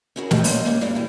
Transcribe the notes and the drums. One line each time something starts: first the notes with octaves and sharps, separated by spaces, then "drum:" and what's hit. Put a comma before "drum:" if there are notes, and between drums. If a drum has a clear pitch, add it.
C#4 E4 F#4 G#4 A#4
A3 G4 D#5 E5, drum: snare
G3 G#3 A#3 B3 C#4 F5, drum: open hi-hat
G3 A#3 C#4
G2 F#3 G3 A3 B3 A#5
E3 G3